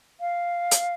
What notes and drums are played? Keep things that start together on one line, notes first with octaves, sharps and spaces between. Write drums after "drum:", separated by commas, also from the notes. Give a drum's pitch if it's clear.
F5
drum: hi-hat